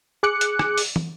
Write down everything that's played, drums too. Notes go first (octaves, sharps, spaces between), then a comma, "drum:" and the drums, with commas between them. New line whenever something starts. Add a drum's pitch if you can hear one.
G#4 D6 F#6 C#7
drum: hi-hat
drum: rim click
drum: open hi-hat
drum: tom